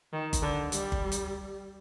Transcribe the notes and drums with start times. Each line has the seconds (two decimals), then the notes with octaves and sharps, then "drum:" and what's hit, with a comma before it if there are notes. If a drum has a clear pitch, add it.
0.13 D#3
0.33 drum: kick G1, hi-hat
0.43 D3
0.72 G3, drum: hi-hat
0.92 drum: kick G1
1.12 drum: hi-hat